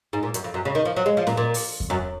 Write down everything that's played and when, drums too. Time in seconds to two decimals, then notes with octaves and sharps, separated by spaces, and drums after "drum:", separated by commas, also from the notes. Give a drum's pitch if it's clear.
0.13 G#2
0.23 A#2
0.34 F#2, drum: hi-hat
0.44 F2
0.54 F#2
0.65 C#3
0.75 D#3
0.85 F3
0.97 F#3
1.06 G#3
1.17 F3
1.27 A#2, drum: snare C#4
1.37 A#2
1.54 drum: open hi-hat
1.80 drum: kick E2
1.90 F#2